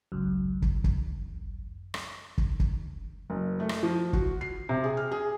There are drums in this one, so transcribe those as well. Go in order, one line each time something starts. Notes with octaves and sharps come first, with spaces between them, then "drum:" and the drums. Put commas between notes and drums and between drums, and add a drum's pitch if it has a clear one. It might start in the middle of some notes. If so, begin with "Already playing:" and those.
G#1 C#2 F#2
drum: kick
drum: kick
drum: rim click
drum: kick
drum: kick
F#1
A3
drum: rim click
F3
F#4, drum: kick
C7
C3
G#4
F6
G#4